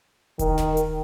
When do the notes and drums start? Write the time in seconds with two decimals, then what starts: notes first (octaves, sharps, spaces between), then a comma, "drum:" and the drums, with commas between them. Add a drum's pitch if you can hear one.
0.39 D#3, drum: kick D#1, hi-hat
0.58 drum: snare
0.77 drum: hi-hat